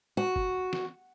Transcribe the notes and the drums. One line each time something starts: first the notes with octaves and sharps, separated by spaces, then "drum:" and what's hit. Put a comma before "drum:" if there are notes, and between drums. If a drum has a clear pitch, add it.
F#4
drum: kick
drum: snare